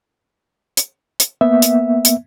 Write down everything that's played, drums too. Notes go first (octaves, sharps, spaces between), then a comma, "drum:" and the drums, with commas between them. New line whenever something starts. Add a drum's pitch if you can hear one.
drum: hi-hat
drum: hi-hat
A#3 B3 E5
drum: hi-hat
drum: hi-hat